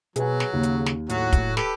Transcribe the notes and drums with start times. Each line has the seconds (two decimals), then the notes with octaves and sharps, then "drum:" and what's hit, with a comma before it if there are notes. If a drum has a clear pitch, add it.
0.16 B2 F#3 G#4 B4 G#5, drum: hi-hat
0.40 drum: snare
0.53 D#2 C#3
0.63 drum: hi-hat
0.86 drum: snare
1.09 A2 F#3 F#4, drum: hi-hat
1.33 drum: kick, hi-hat
1.57 G4 A4 B4, drum: snare